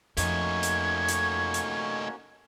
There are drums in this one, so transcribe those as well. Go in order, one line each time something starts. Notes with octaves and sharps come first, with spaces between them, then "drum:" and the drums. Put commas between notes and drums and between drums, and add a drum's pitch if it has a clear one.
F2 A3 A#3 C#4 D#4 F#4 G#6, drum: hi-hat
drum: hi-hat
drum: hi-hat
drum: hi-hat